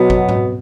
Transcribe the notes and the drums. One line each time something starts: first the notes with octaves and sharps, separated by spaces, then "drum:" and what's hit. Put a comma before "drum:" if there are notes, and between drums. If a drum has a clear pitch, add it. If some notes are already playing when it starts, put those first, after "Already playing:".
Already playing: B2 F#3 B3
drum: kick G#1
drum: tom G#2